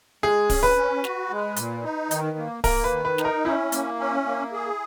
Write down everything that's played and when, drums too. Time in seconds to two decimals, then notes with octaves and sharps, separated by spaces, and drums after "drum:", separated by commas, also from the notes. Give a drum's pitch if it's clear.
0.23 G#3 G#4
0.50 C#4, drum: kick D1, open hi-hat
0.63 B4
0.76 C#4
1.04 F#4, drum: snare
1.30 G#3
1.56 A#2, drum: hi-hat
1.84 D#4
2.11 D#3, drum: hi-hat
2.38 A#3
2.64 A#3 A#4, drum: kick D1, open hi-hat
2.84 B4
2.91 D#3
3.05 B4
3.18 D#4, drum: snare
3.25 A#4
3.45 C#4 E4
3.72 A#3, drum: hi-hat
3.99 C#4
4.26 A#3
4.53 G#4